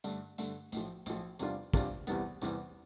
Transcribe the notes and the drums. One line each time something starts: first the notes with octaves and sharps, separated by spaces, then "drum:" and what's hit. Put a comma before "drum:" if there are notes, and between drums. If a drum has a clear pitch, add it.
G2 D3 A3, drum: tambourine
G2 D3 A3, drum: tambourine
B1 A2 F3, drum: tambourine
B1 A2 F3, drum: tambourine
E2 C3 G3 D4 F4, drum: tambourine
E2 C3 G3 D4 F4, drum: kick, tambourine
E2 C3 E3 G3 B3, drum: tambourine
E2 C3 E3 G3 B3, drum: tambourine